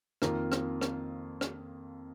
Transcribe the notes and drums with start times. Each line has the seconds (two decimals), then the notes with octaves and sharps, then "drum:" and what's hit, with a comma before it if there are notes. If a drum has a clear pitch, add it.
0.22 F2 D#3 A#3 F4 A#4, drum: rim click
0.52 drum: rim click
0.81 drum: rim click
1.41 drum: rim click